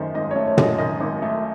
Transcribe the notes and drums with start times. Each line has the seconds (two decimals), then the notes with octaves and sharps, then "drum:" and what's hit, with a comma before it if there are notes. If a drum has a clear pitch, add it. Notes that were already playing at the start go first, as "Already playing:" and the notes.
Already playing: F#2 D#3 A3 C5
0.14 G#1 D#5
0.31 C#5
0.36 A3
0.47 C#5
0.58 F#2 D#5, drum: tom
0.79 D#3 D#5
1.00 G#1
1.22 A3